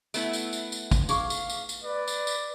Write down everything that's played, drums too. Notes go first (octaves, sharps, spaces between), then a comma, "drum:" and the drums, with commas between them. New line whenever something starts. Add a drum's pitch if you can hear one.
A3 B3 E4, drum: tambourine
drum: tambourine
drum: tambourine
drum: tambourine
drum: kick, tambourine
D#4 G#4 F5 C#6, drum: tambourine
drum: tambourine
drum: tambourine
drum: tambourine
B4 D5
drum: tambourine
drum: tambourine